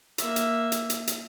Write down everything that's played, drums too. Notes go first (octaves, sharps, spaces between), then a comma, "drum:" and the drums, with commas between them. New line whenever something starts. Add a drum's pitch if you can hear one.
A#3 E5, drum: hi-hat
drum: hi-hat
drum: hi-hat
drum: hi-hat
drum: hi-hat